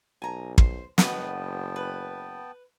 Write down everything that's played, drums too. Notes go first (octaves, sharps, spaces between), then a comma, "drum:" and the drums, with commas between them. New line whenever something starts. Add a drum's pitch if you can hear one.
B1 G#5 A#5
C5, drum: kick
F#1 B3 F#4 B4 D#5 G5 A5, drum: snare
B4